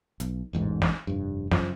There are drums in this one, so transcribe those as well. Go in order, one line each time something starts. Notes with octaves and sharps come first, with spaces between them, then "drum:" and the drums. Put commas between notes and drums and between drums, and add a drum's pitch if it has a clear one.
B1, drum: hi-hat
E1 A1 G#2
drum: snare
F1 G2
F#2 C#3 F3, drum: snare